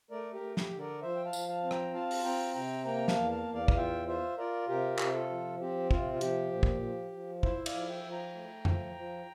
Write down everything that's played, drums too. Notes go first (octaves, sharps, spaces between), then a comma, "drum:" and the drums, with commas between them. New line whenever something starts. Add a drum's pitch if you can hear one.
A3 A#4 D5
G4 A#4
A3
G4, drum: snare
D3
A#4 D5
F3 C5 E5
G5
F5 A5
F3, drum: tambourine
F5 A5
C4
G5 A#5, drum: rim click
F4 F5 A5
drum: open hi-hat
C4 G5 A#5
C3 G5 A#5
A#3 G5 A#5
A#5
F5 A5, drum: snare
E2
F5 A5
E2
D5 F5
F5, drum: kick
F4 E5 G5
F4 C5 E5
F4 A#4 D5
C3 G4 A#4
C3, drum: clap
F4 A4
F3
C4 G4
C3 F4, drum: kick
F4
F3 G4, drum: hi-hat
A#2
drum: kick
F3
F3
E4 C5 E5, drum: kick
D5 F5, drum: cymbal
F3
E5 G5
F3
G5 A#5
A3
F3, drum: tom F2
F3